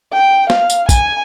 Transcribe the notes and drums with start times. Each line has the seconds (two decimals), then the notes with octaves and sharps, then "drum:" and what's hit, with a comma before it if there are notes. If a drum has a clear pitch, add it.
0.13 G5
0.50 F5, drum: snare
0.70 drum: tambourine
0.89 G#5, drum: kick, tambourine